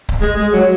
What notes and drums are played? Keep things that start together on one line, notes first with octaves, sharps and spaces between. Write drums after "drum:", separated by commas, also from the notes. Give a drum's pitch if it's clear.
drum: kick C#1
G#3
G#3
F#3